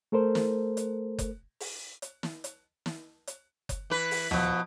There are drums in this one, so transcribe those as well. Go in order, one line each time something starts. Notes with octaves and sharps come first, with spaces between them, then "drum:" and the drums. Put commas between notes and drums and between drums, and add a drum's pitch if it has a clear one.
A3 A4 A#4 C5
drum: snare
drum: hi-hat
drum: kick F#1, hi-hat
drum: open hi-hat
drum: hi-hat
drum: snare
drum: hi-hat
drum: snare
drum: hi-hat
drum: kick F#1, hi-hat
E3 B4
drum: open hi-hat
B2 F3, drum: tom